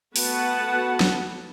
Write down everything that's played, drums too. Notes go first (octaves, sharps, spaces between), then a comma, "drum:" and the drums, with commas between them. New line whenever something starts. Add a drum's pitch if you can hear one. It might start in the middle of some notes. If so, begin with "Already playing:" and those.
A3 B3 F#4 B4 F#5 A5, drum: open hi-hat
drum: snare